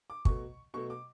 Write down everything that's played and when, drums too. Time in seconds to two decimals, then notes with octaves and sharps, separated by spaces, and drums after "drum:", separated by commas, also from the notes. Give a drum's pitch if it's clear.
0.10 D6
0.25 B2 F#3 A3 C#6, drum: kick
0.74 B2 F#3 A3 C#6
0.90 D6